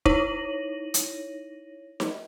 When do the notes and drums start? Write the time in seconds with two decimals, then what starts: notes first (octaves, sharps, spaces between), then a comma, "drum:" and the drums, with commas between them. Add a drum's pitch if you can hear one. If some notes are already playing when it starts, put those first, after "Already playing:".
0.05 D#4 E4 C#5 A#6 D#7 F#7, drum: kick
0.94 drum: hi-hat
2.00 drum: snare D#4